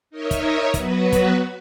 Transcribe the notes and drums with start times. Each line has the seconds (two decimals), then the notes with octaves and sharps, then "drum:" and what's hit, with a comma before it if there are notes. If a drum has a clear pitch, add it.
0.10 D#4 A#4 C#5 D#5 E5
0.31 drum: kick, hi-hat
0.74 F#3 B3 F#4 B4, drum: kick, hi-hat
1.12 drum: kick, hi-hat